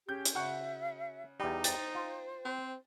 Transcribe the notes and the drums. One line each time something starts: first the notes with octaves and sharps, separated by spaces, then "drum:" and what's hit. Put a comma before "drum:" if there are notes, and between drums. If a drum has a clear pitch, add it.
C#4 G4 G#4 G6
drum: hi-hat
C#3 F#4 E5 F#5
E2 G3 D#4 G4
C5 G5 A6, drum: hi-hat
F4
C4